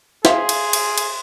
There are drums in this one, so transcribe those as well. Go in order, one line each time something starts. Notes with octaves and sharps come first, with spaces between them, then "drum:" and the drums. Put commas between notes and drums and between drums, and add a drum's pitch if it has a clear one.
G#4 E5 F5 C6, drum: snare
drum: cymbal
drum: cymbal
drum: cymbal